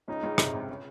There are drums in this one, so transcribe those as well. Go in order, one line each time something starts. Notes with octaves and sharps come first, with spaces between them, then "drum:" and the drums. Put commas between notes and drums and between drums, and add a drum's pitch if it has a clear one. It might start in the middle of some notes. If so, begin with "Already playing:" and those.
C#2 C#3 D#4
C#2 C#3
C3, drum: rim click
C3
C#3